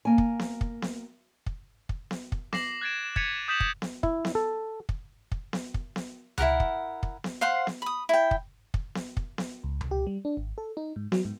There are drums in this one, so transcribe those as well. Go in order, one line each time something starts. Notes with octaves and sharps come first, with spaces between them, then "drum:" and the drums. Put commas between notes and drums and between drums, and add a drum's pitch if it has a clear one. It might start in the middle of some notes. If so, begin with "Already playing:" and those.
A#3 G#5
drum: kick
drum: snare B3
drum: kick
drum: snare B3
drum: kick
drum: kick
drum: snare B3
drum: kick
D6 A#6 C7 F#7, drum: snare B3
F#6 G#6 A6 C7 D7 E7
G#6 A6 B6 C#7 D#7 F7, drum: kick
D#6 G6 B6 E7 F#7
drum: kick
drum: snare B3
E4, drum: kick
drum: snare B3
A4
drum: kick
drum: kick
drum: snare B3
drum: kick
drum: snare B3
E4 G4 A#4 F#5, drum: tom C#2
drum: kick
drum: kick
drum: snare B3
C5 F5 F#5 C6
drum: snare B3
B5 D#6
E4 G5
drum: kick
drum: kick
drum: snare B3
drum: kick
drum: snare B3
C#2
drum: tom C#2
G4
G3
D4
G#1
A4
D#4
G#2
F#3, drum: snare B3
G#2